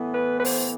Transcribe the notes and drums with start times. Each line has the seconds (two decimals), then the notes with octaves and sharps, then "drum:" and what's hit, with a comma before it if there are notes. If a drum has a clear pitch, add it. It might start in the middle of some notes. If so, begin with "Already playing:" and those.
Already playing: A2 E3 B3
0.14 B4
0.40 B4
0.45 C5, drum: open hi-hat